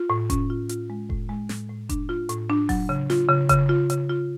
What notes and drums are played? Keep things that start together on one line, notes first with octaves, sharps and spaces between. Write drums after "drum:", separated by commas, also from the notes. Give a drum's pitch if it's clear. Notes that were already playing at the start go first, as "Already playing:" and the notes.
Already playing: F4
A2
C#4, drum: kick F1, hi-hat
F4
F4, drum: hi-hat
G#3
A2, drum: kick F1
G#3
A2, drum: snare
A2
D4, drum: kick F1, hi-hat
F4
A2, drum: hi-hat
D4
F#3, drum: kick F1, open hi-hat
C#3
F4, drum: snare
C#3
C#3, drum: kick F1, hi-hat
F4
C#3, drum: hi-hat
F4